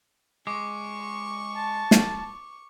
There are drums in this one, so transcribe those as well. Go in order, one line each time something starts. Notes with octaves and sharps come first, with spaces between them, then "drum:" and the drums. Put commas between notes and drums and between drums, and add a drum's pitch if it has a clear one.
G#3 C#6 D6
A5
drum: snare